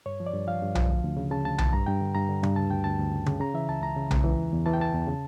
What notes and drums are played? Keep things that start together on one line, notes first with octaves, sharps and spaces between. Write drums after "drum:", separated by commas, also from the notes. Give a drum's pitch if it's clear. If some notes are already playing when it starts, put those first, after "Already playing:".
G2 C#5
F3
D5
G2
F3 F5
G2
F3, drum: tom B1
D2
D2
C#3
C#3 A5
D2 A5
E3 A5, drum: tom B1
G2 A#5
G2 G5
D3
G2 A#5
D3
G2, drum: tom C#3
D2 A5
D2 G5
D2 A5
D2
C#3
C#3, drum: tom C#3
C#3 A#5
E3 E5
C#2 A5
C#2 A#5
C#3
C#2, drum: tom B1
E3
E2
E2
E3 A5
G5
E3 A5
E2
C#3